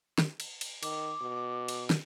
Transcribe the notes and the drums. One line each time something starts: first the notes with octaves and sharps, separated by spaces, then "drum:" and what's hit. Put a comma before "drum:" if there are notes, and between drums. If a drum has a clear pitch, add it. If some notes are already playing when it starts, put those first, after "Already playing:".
drum: snare
drum: cymbal
drum: cymbal
D#3 D6, drum: cymbal
B2
drum: cymbal
drum: snare